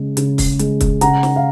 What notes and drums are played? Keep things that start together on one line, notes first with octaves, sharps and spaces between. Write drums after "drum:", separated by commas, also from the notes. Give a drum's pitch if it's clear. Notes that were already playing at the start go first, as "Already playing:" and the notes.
Already playing: C#3 G#3
C#3, drum: hi-hat
drum: kick, open hi-hat
G#3, drum: hi-hat
drum: kick, hi-hat
C#3 F#5 A#5, drum: hi-hat
drum: snare
F5